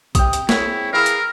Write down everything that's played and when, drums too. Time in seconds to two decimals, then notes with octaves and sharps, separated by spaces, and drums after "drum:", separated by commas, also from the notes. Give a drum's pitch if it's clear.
0.15 C3 G5 D#6, drum: kick A#1, hi-hat
0.33 drum: hi-hat
0.49 C4 E4 G#4 C#5, drum: snare
0.93 E3 G#4 A#4 F5 B5 E6
1.06 drum: hi-hat